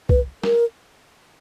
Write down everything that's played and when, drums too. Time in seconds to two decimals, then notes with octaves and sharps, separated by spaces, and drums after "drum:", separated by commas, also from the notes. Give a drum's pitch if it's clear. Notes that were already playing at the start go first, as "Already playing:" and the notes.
0.09 B4, drum: kick C2
0.43 A#4, drum: snare